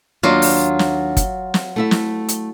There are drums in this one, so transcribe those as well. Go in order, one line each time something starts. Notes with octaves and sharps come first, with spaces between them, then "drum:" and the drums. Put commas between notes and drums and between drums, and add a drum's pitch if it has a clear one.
D#2 F#3 D4 F4 D5
drum: open hi-hat
drum: snare
drum: kick, hi-hat
drum: snare
A3 E4 E5
drum: snare
drum: hi-hat